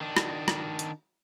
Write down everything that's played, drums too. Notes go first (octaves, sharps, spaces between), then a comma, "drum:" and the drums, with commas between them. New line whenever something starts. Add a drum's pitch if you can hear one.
D#3 D4
drum: rim click
drum: rim click
drum: hi-hat